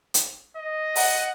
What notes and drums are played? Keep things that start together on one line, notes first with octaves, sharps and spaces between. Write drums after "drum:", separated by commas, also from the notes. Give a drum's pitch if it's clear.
drum: hi-hat
D#5
F#5, drum: open hi-hat